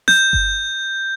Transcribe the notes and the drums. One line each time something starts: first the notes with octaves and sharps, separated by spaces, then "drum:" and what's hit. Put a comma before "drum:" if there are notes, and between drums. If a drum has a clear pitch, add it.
G6, drum: snare
drum: kick G1